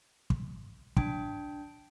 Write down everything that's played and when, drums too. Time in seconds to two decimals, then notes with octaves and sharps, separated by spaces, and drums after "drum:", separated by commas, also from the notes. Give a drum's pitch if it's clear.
0.30 drum: kick
0.97 D4 G5, drum: kick